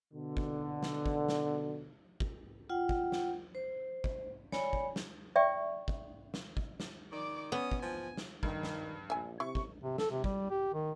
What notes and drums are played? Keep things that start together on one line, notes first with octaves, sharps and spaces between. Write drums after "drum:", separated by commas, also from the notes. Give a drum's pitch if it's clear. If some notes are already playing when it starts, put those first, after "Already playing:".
B2 D3
drum: kick
drum: snare
drum: kick
drum: snare
drum: kick
F4 F#5 G5
drum: kick
drum: snare
C5
drum: kick
C#5 D5 G#5 B5, drum: snare
drum: kick
drum: snare
D5 E5 G5 C#6
drum: kick
drum: snare
drum: kick
drum: snare
D#3 D5 D6
B3 C#4 D#6
drum: kick
F3 G#5
drum: snare
G2 D#3, drum: kick
drum: snare
A#1 E5 G#5
C3 E4 C#6
drum: kick
C3
A4, drum: snare
C3
G3, drum: kick
G4
D#3